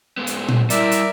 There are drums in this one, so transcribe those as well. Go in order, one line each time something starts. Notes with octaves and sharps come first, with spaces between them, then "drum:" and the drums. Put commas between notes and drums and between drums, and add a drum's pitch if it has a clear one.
G#2 G#3 B3
drum: hi-hat
drum: tom A#2
G3 E4 A#4 D5 E5, drum: hi-hat
drum: hi-hat